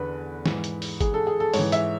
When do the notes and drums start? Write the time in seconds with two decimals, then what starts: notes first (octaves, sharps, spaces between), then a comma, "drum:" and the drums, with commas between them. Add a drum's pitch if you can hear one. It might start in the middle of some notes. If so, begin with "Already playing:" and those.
Already playing: E2 D3 B4
0.46 G#2 E3, drum: snare
0.64 drum: hi-hat
0.82 drum: open hi-hat
1.01 G#4, drum: kick G#1, hi-hat
1.14 A4
1.27 G#4
1.40 A4
1.53 G#2 C#5, drum: open hi-hat
1.59 E3
1.72 E5, drum: hi-hat